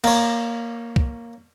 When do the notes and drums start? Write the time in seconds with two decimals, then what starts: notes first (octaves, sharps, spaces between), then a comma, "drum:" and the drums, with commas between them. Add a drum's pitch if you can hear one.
0.04 A#3 C#5, drum: cymbal
0.96 drum: kick C2